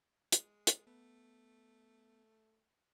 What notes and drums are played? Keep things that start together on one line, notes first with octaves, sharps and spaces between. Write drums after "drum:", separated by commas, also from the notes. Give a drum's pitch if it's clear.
G#3, drum: hi-hat
drum: hi-hat
A3 B3